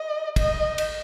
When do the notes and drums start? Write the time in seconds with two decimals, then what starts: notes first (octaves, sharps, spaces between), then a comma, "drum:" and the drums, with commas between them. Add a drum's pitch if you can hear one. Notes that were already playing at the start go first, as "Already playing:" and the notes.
Already playing: D#5
0.36 D#5, drum: kick, cymbal
0.78 drum: cymbal